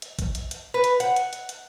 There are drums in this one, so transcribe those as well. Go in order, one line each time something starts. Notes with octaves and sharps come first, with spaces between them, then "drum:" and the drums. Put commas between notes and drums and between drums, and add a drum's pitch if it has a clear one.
drum: hi-hat
drum: kick, hi-hat
drum: hi-hat
drum: hi-hat
B4
drum: hi-hat
F#5, drum: hi-hat
drum: hi-hat
drum: hi-hat
drum: hi-hat